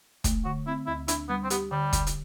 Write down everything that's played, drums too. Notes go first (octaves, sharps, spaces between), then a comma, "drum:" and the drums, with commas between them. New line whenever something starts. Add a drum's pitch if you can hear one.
A3, drum: kick, hi-hat
D3 F#4
C4 E4
D2 E4
D4 E4, drum: hi-hat
G3 B3
C4
B3 G4, drum: hi-hat
D3 G3
drum: kick, hi-hat
drum: hi-hat